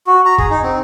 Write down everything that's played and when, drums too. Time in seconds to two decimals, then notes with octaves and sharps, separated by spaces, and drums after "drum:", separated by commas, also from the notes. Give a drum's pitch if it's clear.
0.07 F#4
0.25 A#5
0.38 G#4, drum: kick
0.50 D#4
0.63 C4